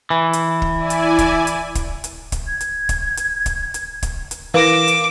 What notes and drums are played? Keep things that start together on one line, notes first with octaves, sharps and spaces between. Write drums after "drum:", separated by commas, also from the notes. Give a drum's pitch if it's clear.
E3
drum: hi-hat
drum: kick
E4 D5 G#5
drum: hi-hat
drum: kick, hi-hat
drum: hi-hat
drum: kick, hi-hat
drum: hi-hat
drum: kick, hi-hat
G#6
drum: hi-hat
drum: kick, hi-hat
drum: hi-hat
drum: kick, hi-hat
drum: hi-hat
drum: kick, hi-hat
drum: hi-hat
E3 A#4 B4 F5 D6 A#6 E7
drum: hi-hat